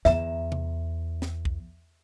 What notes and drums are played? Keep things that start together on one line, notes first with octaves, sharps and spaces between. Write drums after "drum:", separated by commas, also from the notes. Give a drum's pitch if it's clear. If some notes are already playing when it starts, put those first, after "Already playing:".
E2 E5 A#5, drum: snare
drum: tom C3
drum: snare
drum: kick B1